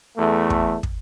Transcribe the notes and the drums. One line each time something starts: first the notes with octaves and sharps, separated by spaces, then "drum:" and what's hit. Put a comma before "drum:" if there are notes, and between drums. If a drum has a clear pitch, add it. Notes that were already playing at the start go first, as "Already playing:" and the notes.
E2 A3
drum: kick
drum: kick